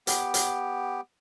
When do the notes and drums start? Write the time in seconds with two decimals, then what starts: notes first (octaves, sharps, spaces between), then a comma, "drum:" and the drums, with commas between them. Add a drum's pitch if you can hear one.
0.07 B3 G4, drum: hi-hat
0.34 drum: hi-hat